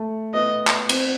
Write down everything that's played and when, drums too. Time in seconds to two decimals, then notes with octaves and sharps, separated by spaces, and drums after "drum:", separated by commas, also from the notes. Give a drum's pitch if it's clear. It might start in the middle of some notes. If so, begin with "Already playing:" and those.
Already playing: A3
0.34 B3 D#5
0.67 drum: clap
0.89 C4, drum: cymbal